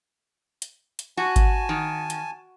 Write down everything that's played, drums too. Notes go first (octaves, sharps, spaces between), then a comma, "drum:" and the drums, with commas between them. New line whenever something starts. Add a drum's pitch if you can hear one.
drum: hi-hat
drum: hi-hat
F#4 G#5 A5
drum: kick G#1, hi-hat
D#3
drum: hi-hat